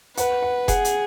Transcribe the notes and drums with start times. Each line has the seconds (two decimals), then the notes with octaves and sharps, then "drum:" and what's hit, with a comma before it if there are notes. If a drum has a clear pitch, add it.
0.17 B4 F#5, drum: hi-hat
0.42 F#5
0.68 G#4 F#5, drum: kick F1, hi-hat
0.85 drum: hi-hat